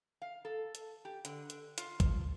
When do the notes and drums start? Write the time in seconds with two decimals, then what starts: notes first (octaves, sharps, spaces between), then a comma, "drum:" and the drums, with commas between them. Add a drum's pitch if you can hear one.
0.22 F5
0.45 A4
0.75 drum: hi-hat
1.05 G4
1.25 D3, drum: hi-hat
1.50 drum: hi-hat
1.78 F4, drum: hi-hat
2.00 drum: kick, hi-hat